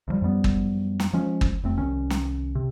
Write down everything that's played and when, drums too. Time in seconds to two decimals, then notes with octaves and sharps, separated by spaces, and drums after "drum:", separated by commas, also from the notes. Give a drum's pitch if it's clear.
0.08 D2 F3 G3
0.22 F#2 F3 G3 B3
0.44 drum: kick
1.00 drum: snare
1.13 F3 G#3 C#4
1.41 drum: kick
1.64 F1 A3 C4
1.78 C2 D#3 C#4
2.10 drum: snare
2.55 C3